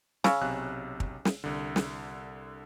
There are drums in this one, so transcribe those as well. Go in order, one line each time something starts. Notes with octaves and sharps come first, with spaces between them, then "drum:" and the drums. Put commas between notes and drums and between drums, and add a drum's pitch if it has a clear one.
C#3 E6 F6, drum: snare
B1 C3 F#6
drum: kick
drum: snare
C2 D3
drum: snare